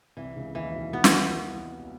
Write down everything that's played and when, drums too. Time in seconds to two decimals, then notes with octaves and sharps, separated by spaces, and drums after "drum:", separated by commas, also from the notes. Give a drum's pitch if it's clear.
0.17 C2 C3 E3
0.36 C#2 C#3
0.55 D#2 D#3 E3
0.74 B1 B2
0.93 B1 B2 B3
1.04 drum: snare